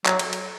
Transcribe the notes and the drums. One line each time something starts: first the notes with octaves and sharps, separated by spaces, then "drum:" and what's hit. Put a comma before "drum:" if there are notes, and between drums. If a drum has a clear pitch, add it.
F#3, drum: clap
drum: cymbal
drum: cymbal